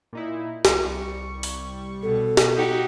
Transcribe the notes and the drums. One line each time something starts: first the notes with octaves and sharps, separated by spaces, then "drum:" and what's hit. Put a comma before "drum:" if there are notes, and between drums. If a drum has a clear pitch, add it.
A#2 D#4 E4
C2 G3 C#6, drum: snare
drum: open hi-hat
B2 A4
drum: snare
D#4 F#4 G4 G5